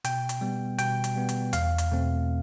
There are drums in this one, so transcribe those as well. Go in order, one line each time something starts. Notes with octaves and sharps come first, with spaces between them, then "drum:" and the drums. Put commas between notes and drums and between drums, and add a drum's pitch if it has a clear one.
B2 G5, drum: hi-hat
drum: hi-hat
G3 B3
B2 G5, drum: hi-hat
drum: hi-hat
G3 B3
drum: hi-hat
E2 F5, drum: hi-hat
drum: hi-hat
B2 A3 C4